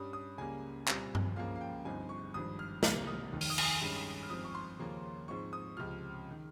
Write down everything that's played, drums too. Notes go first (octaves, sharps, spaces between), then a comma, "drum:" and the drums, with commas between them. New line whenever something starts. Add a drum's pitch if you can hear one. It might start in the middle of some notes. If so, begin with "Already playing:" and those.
Already playing: G2 G3 C#4 D#6
D#6
C#2 C#3 G3 A#3 G#5
C2 A#2 G3 C4, drum: clap
drum: tom G2
C#2 C#3 F3 A#3 F5
F5
G5
G1 G2 F3 C4 D#4 G#5
C#6
G#1 G2 F3 D#6
F6
C2 C3 D#3 A#3 F6, drum: snare
D#6
F1 D#2 D#3
F6, drum: open hi-hat
D#6
F6, drum: cymbal
G2 D#3 G#3 C#4
F6
G#1 G2 F3 C4 D#6
C#6
C6
D#2 C#3 F3 A#3 C#4
G#2 F3 G#3 C4 C#6
D#6
C#2 C3 F3 F6
D#3